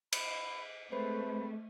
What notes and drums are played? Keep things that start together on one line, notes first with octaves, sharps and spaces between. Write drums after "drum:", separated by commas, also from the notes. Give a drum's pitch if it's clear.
B5, drum: cymbal
G#3 A3 C4 B4 C5 B5